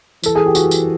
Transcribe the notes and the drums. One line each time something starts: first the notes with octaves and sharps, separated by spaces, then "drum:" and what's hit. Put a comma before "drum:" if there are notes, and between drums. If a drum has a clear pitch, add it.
E3 A4, drum: tambourine
G#4
G4
F#4, drum: tambourine
drum: tambourine